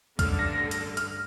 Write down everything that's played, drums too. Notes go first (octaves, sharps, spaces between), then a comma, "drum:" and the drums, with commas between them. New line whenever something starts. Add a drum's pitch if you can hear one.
A1 G2 D3 F6, drum: kick, hi-hat
A#6
A#6
drum: hi-hat
F6, drum: hi-hat